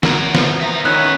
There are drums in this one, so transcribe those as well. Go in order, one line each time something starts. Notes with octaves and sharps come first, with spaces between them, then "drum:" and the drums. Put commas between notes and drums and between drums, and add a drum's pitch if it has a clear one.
F#4 A#4, drum: snare
F3 B3, drum: snare
E5 A#5
D#3 B3 C#4 E4 F#6